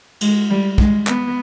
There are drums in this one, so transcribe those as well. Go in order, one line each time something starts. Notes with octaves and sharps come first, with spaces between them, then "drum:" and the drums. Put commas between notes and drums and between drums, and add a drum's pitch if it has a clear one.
G#3, drum: cymbal
G3
G#3, drum: kick
B3, drum: clap